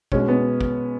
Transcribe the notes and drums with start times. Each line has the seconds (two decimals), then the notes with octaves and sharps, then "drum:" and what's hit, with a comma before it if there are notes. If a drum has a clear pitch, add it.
0.12 B2 G#3 C#4, drum: kick
0.28 B3
0.61 drum: kick